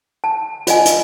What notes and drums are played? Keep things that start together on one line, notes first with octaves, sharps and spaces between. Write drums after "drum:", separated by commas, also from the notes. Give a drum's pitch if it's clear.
A5
F4 D5 D#5 G#5, drum: hi-hat
drum: hi-hat